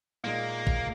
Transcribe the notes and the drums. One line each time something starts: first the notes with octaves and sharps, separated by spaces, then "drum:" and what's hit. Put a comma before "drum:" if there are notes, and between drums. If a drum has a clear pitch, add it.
A#2 G#3 A#3 D#4
drum: kick